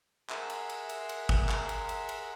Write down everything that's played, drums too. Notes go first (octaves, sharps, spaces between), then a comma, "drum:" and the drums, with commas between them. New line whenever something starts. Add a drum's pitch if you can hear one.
G#4 A#4 E5 F#5 C6 E6, drum: clap
drum: cymbal
drum: cymbal
drum: cymbal
drum: cymbal
drum: kick G1
drum: clap
drum: cymbal
drum: cymbal
drum: cymbal